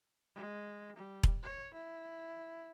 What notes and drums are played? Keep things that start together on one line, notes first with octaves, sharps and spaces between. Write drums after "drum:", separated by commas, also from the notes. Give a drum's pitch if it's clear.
G#3
G3
drum: kick E1
C#5
E4